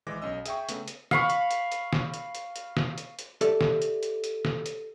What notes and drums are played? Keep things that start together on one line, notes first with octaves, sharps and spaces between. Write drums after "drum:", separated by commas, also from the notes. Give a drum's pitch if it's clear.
G#1 E3 G#3 D6 A#6
B1 C#4 D#5 E6
G#4 E5 G5 C#6, drum: hi-hat
C#3 A3 B3 B4, drum: hi-hat
drum: hi-hat
F5 B5 C#6, drum: snare
drum: hi-hat
drum: hi-hat
drum: hi-hat
drum: snare
drum: hi-hat
drum: hi-hat
drum: hi-hat
drum: snare
drum: hi-hat
drum: hi-hat
G4 A4 D5 E5, drum: hi-hat
drum: snare
drum: hi-hat
drum: hi-hat
drum: hi-hat
drum: snare
drum: hi-hat